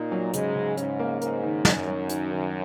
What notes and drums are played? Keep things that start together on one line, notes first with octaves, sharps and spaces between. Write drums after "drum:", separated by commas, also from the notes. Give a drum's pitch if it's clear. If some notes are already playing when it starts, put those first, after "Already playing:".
Already playing: A#2 A#3 D#4
F#3
G#2 C#3 G#3, drum: hi-hat
C#3
G#2 C#4, drum: hi-hat
A#3
G#2 A#4, drum: hi-hat
D#3
F#2 D#4, drum: snare
F#3
D#3, drum: hi-hat
D#3